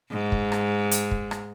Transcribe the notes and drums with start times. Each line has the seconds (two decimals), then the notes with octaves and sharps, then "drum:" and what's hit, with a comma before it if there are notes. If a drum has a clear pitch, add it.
0.12 G#2
0.32 drum: kick
0.52 drum: rim click
0.91 drum: hi-hat
1.11 drum: kick
1.31 drum: rim click